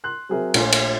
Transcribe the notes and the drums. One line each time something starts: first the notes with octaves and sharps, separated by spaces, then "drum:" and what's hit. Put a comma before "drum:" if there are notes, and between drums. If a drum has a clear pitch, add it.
C6 F#6
F#3 C4 G#4 A#4 E5
A#1 A3 F4 C#5 G#5 C6, drum: cymbal
drum: cymbal